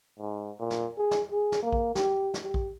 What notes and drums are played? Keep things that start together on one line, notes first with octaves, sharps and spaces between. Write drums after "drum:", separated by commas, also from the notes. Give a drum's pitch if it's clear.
G#2
A#2
drum: snare
G#4
drum: snare
G#4
drum: snare
A#3
drum: kick A#1
G4, drum: snare
drum: snare
G4
drum: kick A#1